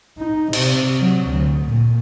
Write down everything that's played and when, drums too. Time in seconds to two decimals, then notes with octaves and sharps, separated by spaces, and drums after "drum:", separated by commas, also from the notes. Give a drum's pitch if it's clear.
0.18 D#4
0.53 C3, drum: cymbal
1.01 F#3
1.30 D2
1.69 A#2